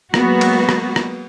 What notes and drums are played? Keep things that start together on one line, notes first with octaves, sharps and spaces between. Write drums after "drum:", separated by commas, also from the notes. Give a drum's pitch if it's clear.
F#3 G#3 A#3 B3 F#4, drum: rim click
drum: cymbal
drum: rim click
drum: rim click